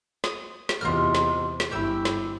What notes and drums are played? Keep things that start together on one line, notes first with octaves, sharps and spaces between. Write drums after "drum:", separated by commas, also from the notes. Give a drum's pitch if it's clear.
D#6, drum: snare
drum: snare
E2 C3 F4 D#5 F6
drum: snare
drum: snare
G1 E4 G4 G5 E6
drum: snare